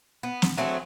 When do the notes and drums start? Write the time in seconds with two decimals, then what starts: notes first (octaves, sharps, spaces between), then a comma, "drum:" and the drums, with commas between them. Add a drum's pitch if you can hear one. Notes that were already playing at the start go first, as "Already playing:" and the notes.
0.23 B3
0.42 drum: snare
0.58 F#3 A3 C4 G#4